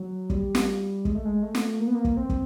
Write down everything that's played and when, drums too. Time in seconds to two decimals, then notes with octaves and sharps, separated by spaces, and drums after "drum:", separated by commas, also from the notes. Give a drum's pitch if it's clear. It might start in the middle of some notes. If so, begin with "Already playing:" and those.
Already playing: F#3
0.30 G3, drum: kick
0.55 drum: snare
1.05 G#3, drum: kick
1.15 A3
1.25 G#3
1.43 A3
1.55 drum: snare
1.80 A#3
1.87 B3
1.95 A#3
2.05 drum: kick
2.17 C4
2.30 drum: kick